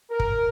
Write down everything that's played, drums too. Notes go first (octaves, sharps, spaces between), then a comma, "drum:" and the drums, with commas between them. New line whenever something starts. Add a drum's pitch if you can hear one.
A#4
drum: kick